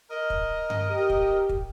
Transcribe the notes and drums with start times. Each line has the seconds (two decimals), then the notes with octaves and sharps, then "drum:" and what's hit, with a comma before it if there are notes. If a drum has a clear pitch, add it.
0.10 A#4 D#5
0.30 drum: kick
0.70 drum: tom G2
0.91 G4
1.10 drum: kick
1.49 drum: kick